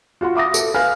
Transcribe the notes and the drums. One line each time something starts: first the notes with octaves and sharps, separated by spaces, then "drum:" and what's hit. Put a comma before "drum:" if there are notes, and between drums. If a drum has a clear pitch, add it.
F4 F#4 F#5 C6
E5 D6 D#6 A#6
A4, drum: tambourine
B4 F5 G#5 B5 F6